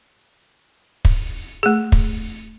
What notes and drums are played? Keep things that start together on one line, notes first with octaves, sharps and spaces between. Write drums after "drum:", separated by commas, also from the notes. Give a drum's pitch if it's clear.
drum: kick
A3 G#4
drum: kick